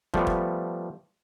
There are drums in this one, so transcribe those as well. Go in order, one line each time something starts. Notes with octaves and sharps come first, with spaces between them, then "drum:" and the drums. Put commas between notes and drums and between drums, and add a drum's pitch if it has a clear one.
F3 G3 A3 B3, drum: kick
drum: kick